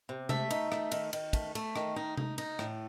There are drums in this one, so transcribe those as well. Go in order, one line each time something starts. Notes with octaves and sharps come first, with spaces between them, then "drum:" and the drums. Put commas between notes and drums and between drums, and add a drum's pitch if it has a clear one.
C3
A3 E5, drum: tom C3
D#4, drum: cymbal
A3, drum: rim click
D#3, drum: cymbal
D#3, drum: cymbal
A3, drum: kick, cymbal
A3, drum: cymbal
D#3, drum: rim click
D#4
D#4, drum: tom C3
D#4, drum: cymbal
A2, drum: rim click